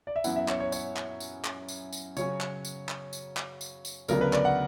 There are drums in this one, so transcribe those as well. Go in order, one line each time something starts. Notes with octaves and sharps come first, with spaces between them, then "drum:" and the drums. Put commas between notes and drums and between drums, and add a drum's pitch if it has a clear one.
D5
E5
F#2 E3 B3 E4 F#5, drum: tambourine
E5
C#5, drum: clap
C#5
C#5, drum: tambourine
drum: clap
drum: tambourine
drum: clap
drum: tambourine
drum: tambourine
C#3 F#3 C#4 C#5, drum: tambourine
drum: clap
drum: tambourine
drum: clap
drum: tambourine
drum: clap
drum: tambourine
drum: tambourine
D2 C#3 F#3 B3 D4 A#4, drum: tambourine
B4
D5, drum: clap
F#5